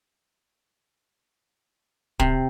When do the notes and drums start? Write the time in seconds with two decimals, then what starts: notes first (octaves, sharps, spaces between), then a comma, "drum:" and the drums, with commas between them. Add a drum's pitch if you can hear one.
2.20 C3, drum: kick